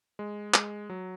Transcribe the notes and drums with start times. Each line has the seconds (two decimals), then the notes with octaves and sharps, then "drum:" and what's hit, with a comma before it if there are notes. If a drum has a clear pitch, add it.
0.19 G#3
0.54 G#3, drum: clap
0.90 F#3